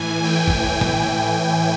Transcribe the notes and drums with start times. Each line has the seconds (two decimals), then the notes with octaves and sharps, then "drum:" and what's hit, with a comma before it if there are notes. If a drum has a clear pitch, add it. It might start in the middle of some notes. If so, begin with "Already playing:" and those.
Already playing: A2 E3 G#5
0.24 G5
0.48 drum: kick G#1
0.70 G#5
0.81 drum: tom A2
1.01 G#5
1.31 G#5